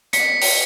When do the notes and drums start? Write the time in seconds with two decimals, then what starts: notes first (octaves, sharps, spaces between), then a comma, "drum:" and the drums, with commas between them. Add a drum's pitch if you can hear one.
0.13 B6 C#7, drum: hi-hat
0.41 drum: open hi-hat